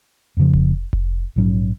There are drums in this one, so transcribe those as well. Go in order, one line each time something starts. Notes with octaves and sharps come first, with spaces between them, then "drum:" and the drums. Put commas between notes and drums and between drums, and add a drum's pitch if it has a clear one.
F2 C#3 F3
drum: kick F1
drum: kick F1
A#1 G#2 F#3 C#4